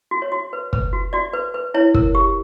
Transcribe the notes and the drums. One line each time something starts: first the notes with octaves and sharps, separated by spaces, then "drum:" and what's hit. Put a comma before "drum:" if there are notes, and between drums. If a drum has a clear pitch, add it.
F#4
C#5
F#4
B4
B4, drum: kick
F#4
F#4 D5
B4
B4
E4 C#5
A#4, drum: kick
G4